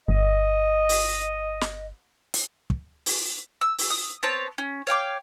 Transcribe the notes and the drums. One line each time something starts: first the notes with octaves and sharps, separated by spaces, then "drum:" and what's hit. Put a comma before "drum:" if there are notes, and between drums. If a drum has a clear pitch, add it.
G1 D#5
drum: open hi-hat
drum: snare
drum: hi-hat
drum: kick
drum: open hi-hat
E6
drum: open hi-hat
D#6
B3 C4 C#5 A5
C#4
C#5 F5 G5 D6